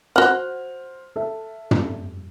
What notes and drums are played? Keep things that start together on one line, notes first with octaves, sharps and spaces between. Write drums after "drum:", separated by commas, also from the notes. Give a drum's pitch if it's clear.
F#4 C5 F#5 F6
A4 E5
drum: tom